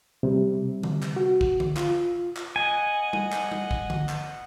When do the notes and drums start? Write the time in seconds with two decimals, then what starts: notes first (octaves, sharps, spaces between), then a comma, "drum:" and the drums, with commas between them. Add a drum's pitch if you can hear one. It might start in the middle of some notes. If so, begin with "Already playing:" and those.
0.23 C3 G3
0.83 drum: tom D3
1.03 drum: clap
1.16 F#4
1.41 drum: kick
1.60 drum: tom D3
1.77 F4, drum: clap
2.37 drum: clap
2.56 D#5 F#5 G#5
3.13 drum: tom G3
3.32 drum: clap
3.52 drum: tom G3
3.71 drum: kick
3.90 drum: tom D3
4.09 drum: clap